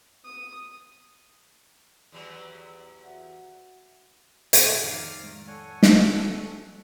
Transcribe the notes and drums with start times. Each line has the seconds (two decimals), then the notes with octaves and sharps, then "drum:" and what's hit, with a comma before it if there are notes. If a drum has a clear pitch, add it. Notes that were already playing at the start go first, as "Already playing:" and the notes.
0.25 D#6
2.12 E2 F#3 G3 D5
3.04 F#4 E5 F#5
4.53 drum: hi-hat
4.82 F2 A2 D#3 D5 F5 A#5
5.24 G#3 D7
5.48 A4 C#5 D5 F#5 G#5
5.83 drum: snare